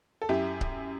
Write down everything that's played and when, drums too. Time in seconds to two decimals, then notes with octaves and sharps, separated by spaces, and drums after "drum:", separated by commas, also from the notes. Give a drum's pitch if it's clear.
0.22 A4
0.29 F#2 E4 G4
0.61 drum: kick C#1